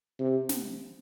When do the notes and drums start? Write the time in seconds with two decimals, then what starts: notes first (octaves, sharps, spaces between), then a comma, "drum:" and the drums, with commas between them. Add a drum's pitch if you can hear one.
0.20 C3
0.49 drum: snare